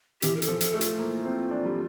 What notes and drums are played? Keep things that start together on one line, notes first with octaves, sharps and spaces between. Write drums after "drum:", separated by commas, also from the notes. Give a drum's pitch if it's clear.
E3 G4, drum: hi-hat
A#4
A4, drum: hi-hat
F3
A4, drum: hi-hat
A3
F4, drum: hi-hat
A#3
C4
D4
G3